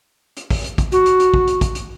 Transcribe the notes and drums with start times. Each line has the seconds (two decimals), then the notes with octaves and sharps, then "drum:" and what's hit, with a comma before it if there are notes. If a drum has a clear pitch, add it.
0.37 drum: hi-hat
0.50 drum: kick, open hi-hat
0.64 drum: hi-hat
0.78 drum: kick, hi-hat
0.92 F#4, drum: hi-hat
1.06 drum: hi-hat
1.20 drum: hi-hat
1.34 drum: kick
1.47 drum: hi-hat
1.61 drum: kick, hi-hat
1.75 drum: hi-hat